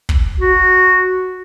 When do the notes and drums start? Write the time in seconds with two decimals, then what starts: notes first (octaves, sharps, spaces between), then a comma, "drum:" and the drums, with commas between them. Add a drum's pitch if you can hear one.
0.09 drum: kick
0.41 F#4